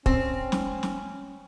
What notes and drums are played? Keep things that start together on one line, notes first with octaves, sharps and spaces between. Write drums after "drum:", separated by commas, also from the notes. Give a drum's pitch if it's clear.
C4 C#4, drum: kick
drum: snare
drum: snare